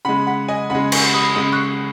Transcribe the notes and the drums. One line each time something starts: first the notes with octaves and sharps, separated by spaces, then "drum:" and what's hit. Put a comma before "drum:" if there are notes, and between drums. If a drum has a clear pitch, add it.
C#3 G#3 F#5 B5
F#5 B5
D#5 G#5
C#3 G#3 F#5 B5
G#5 C#6, drum: cymbal
B5 D#6
C#3 G#3 B5 D#6
C#6 F#6